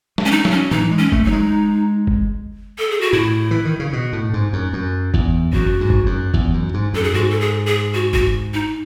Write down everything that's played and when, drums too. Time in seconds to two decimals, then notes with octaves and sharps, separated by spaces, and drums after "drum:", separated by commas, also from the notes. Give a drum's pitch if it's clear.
0.18 G#3, drum: snare
0.26 C#4
0.32 D#4
0.45 F#3, drum: snare
0.52 C#4
0.71 E3 D#4, drum: tom
0.91 G#3
0.99 C#4
1.12 A3, drum: kick
1.25 F#3 D#4
1.33 G#3
2.07 drum: kick
2.79 A4
2.91 G#4
3.01 F#4
3.13 A2 E4
3.51 E3
3.65 D#3
3.79 C#3
3.93 B2
4.13 A2
4.33 G#2
4.53 F#2
4.73 F#2
5.14 E2, drum: kick
5.53 F#2 F#4, drum: kick
5.81 G#2
5.90 drum: kick
6.06 F#2
6.34 E2, drum: kick
6.54 F#2
6.74 G#2
6.94 F#2 A4
7.04 G#4
7.14 G#2 F#4
7.30 A4
7.41 G#4
7.67 G#4
7.94 F#4
8.13 F#4, drum: kick
8.54 D#4